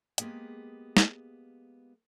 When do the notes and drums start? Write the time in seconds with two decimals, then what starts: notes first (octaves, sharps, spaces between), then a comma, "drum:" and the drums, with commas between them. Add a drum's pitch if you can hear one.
0.18 G#3 A#3 B3 C#4 G4 G#4, drum: hi-hat
0.97 drum: snare